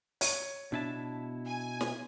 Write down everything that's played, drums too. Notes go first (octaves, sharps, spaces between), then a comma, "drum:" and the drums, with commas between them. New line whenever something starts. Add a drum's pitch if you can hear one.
C#5, drum: open hi-hat
B2 D4 E4 A5
G#5
drum: snare